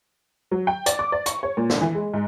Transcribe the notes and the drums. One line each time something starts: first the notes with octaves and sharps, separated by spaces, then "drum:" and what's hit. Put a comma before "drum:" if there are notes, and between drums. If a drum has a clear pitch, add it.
F#3
G5
D5, drum: hi-hat
D6
D5
C#6, drum: hi-hat
C#5
A#2
D4, drum: snare
E3
G#3
G#2